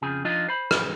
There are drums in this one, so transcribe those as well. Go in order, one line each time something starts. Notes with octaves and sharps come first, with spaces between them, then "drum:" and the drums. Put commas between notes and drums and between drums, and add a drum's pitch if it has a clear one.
F2 C#3 F3 G#4
F3 D4 D#4 F4 D#5
C5 B5
drum: rim click